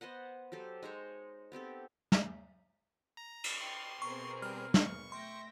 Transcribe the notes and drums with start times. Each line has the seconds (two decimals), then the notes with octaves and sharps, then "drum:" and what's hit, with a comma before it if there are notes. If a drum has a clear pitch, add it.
0.01 B3 C5 D#5 F#5
0.52 F#3 G4 A4 C5
0.83 G#3 D#4 C5 C#5
1.52 B3 C4 G4 A4
2.12 drum: snare
3.17 A#5
3.44 drum: cymbal
3.59 G5 C6
4.02 B2 B3 C4 G#4 A#4 C#6
4.42 G3 F6
4.74 C#6, drum: snare
5.12 A3 E5 G5 C6 A#6